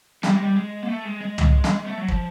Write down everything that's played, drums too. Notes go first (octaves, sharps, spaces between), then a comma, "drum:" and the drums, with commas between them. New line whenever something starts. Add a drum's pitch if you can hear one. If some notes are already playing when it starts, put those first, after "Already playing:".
G3, drum: snare
G#3
G3
G#3
A#3
A3
G#3
G#3
drum: tom
drum: snare
A3
F#3
F3, drum: kick